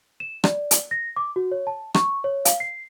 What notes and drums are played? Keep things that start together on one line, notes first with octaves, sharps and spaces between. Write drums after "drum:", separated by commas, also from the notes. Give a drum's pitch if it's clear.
E7
D5, drum: rim click
drum: hi-hat
A#6
D6
F#4
C#5
A5
C#6, drum: rim click
C#5
F5, drum: hi-hat
C7